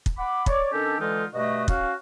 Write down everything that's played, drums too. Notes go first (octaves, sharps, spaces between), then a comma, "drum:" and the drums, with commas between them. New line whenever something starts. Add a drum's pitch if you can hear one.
drum: kick
F#5 B5 D6
C#5 D5 D6, drum: kick
D#3 C#4 D4 G4 A4
D3 E3 G#3 D#4 F4 A4
G2 B2 A3 F#4 D#5
C#4 F#4 F5, drum: kick